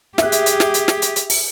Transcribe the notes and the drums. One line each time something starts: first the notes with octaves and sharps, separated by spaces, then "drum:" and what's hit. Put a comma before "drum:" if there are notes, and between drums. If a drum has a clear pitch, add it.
G4 G#4 E5 F#6, drum: snare
drum: hi-hat
drum: hi-hat
drum: snare
drum: hi-hat
drum: snare
drum: hi-hat
drum: hi-hat
drum: open hi-hat